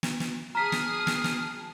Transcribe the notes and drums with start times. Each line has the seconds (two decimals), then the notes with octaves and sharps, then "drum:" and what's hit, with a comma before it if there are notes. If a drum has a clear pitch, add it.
0.03 drum: snare
0.20 drum: snare
0.55 G#4 A5 A#5 D#6 F6 B6 C7
0.72 drum: snare
1.07 drum: snare
1.24 drum: snare